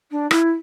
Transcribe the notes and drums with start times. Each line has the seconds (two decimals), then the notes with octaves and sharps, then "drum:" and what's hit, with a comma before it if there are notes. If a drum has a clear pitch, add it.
0.11 D4
0.31 E4, drum: rim click